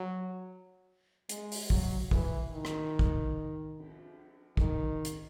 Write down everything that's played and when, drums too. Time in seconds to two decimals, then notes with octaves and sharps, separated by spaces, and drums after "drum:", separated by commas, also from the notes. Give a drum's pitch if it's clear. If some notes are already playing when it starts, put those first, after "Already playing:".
Already playing: F#3
1.29 G#3, drum: hi-hat
1.52 drum: open hi-hat
1.70 F#3, drum: kick
2.11 E3, drum: kick
2.53 D#3
2.65 drum: rim click
2.99 drum: kick
3.79 drum: cymbal
4.57 D#3, drum: kick
5.05 drum: hi-hat